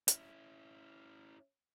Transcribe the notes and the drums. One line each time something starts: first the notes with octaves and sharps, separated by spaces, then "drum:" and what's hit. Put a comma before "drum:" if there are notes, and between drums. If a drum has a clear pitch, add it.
C#4 E4, drum: hi-hat